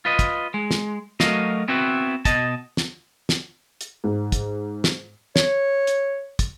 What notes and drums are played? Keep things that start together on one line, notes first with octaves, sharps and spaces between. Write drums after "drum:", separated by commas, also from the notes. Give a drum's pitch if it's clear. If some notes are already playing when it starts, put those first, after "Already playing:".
F4 B4 D#5
drum: kick, hi-hat
G#3
drum: snare
F#3 A3 F#4 A#4 D#5 F5, drum: snare
B3 C4 E4 F#4 B4
B2 D#5 A5, drum: kick, hi-hat
drum: snare
drum: snare
drum: hi-hat
G#2
drum: kick, hi-hat
drum: snare
C#5, drum: snare
drum: hi-hat
drum: kick, hi-hat